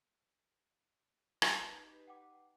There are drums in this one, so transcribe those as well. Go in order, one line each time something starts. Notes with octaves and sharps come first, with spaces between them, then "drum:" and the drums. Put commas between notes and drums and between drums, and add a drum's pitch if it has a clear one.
drum: rim click
D#4 G4 B4
F#5 G5 D6